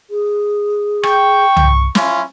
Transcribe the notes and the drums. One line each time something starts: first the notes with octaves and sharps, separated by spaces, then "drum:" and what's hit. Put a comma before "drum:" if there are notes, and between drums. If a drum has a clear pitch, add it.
G#4
G5 C#6, drum: rim click
drum: tom
C#4 E4 F4, drum: snare